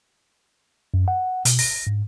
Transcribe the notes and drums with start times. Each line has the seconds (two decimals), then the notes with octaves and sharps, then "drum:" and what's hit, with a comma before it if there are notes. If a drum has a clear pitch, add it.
0.94 F#2
1.08 F#5
1.45 B2, drum: hi-hat
1.59 A#6, drum: open hi-hat
1.87 G#2